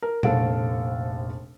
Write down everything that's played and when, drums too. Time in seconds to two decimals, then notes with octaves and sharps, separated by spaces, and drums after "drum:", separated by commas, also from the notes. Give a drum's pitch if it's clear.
0.02 A#4
0.23 F1 A#1 A4 F5 F#5 D7, drum: tom A#2